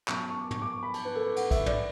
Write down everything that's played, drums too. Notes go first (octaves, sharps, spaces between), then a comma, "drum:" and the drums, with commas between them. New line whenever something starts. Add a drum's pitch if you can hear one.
B2 F#3 C#4 C#6, drum: clap
A5
C#6
D6
C#6, drum: tom
D6
C#6
B5
A5, drum: cymbal
B4
A4
B4
F#5, drum: cymbal
E5, drum: kick, cymbal
D5, drum: tom